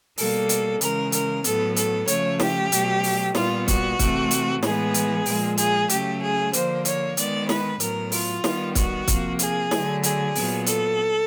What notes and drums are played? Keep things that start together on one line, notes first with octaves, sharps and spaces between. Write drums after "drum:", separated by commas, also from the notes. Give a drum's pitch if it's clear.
B2 G3 A#3 A4, drum: open hi-hat
drum: hi-hat
C#3 E3 G#3 A#4, drum: hi-hat
A#4, drum: hi-hat
A2 F#3 B3 A4, drum: hi-hat
A4, drum: hi-hat
C#3 F3 A3 C#5, drum: hi-hat
G4, drum: snare
B2 F#3 A3, drum: hi-hat
drum: open hi-hat
A#2 G3 B3 F4, drum: snare
F#4, drum: kick, hi-hat
C3 E3 A3, drum: kick, hi-hat
drum: hi-hat
A2 E3 G#3 B3 G#4, drum: snare
drum: hi-hat
A#2 F3 G#3, drum: open hi-hat
G#4, drum: hi-hat
C#3 F#3 A3 G4, drum: hi-hat
G#4
D3 F3 A#3 C5, drum: hi-hat
C#5, drum: hi-hat
D#3 G#3 B3 D5, drum: hi-hat
B4, drum: snare
A2 F#3 B3 A#4, drum: hi-hat
F4, drum: open hi-hat
D#3 G3 B3, drum: snare
F#4, drum: kick, hi-hat
C3 F3 A#3, drum: kick, hi-hat
G#4, drum: hi-hat
D3 F#3 A3, drum: snare
G#4, drum: hi-hat
A#2 F#3 B3, drum: open hi-hat
A4, drum: hi-hat